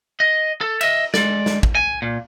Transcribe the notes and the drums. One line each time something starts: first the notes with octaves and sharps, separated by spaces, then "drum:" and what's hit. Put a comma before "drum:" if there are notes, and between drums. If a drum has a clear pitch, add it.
D#5
A4
D#5 E5, drum: cymbal
G#3 D5, drum: snare
drum: snare
drum: kick
G#5
A#2